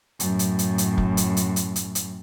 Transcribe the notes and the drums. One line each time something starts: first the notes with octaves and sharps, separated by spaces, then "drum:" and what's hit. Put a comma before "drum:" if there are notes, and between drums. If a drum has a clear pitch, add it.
F#2 A2, drum: hi-hat
drum: hi-hat
drum: hi-hat
drum: hi-hat
drum: kick
drum: hi-hat
drum: hi-hat
drum: hi-hat
drum: hi-hat
drum: hi-hat